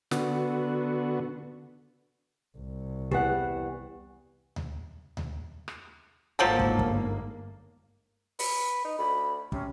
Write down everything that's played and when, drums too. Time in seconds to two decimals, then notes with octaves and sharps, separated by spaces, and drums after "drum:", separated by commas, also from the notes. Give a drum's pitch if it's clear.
0.11 D3 B3 F#4, drum: snare
2.58 C2
3.11 E2 E3 G4 F#5, drum: kick
4.56 drum: tom D2
5.17 drum: tom D2
5.68 drum: rim click
6.39 G1 G#2 F3 F#3 A#3 A4
6.59 drum: kick
6.79 drum: kick
8.39 B4, drum: open hi-hat
8.85 D#4
8.98 D2 B5
9.52 C3 C#4, drum: kick